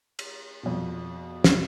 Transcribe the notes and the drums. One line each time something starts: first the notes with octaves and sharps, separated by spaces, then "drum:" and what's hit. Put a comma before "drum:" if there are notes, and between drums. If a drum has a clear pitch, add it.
drum: cymbal
F2 B2
drum: snare